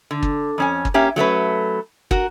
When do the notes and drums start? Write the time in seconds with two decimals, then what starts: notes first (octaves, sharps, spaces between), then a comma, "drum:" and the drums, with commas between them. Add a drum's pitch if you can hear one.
0.11 D3
0.23 drum: kick
0.58 F2 C#4 G#5
0.85 drum: kick
0.94 A#3 C#4 G4 E5
1.16 F#3 A3 C#4 B4
2.11 F#4 A#4, drum: kick